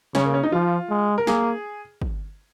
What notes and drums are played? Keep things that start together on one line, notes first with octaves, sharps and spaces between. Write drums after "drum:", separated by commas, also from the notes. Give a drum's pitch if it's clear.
C#3 C#4, drum: snare
A#3
C#4
D#4
F3 F4
G#3
A#4
A#3 G#4, drum: snare
drum: kick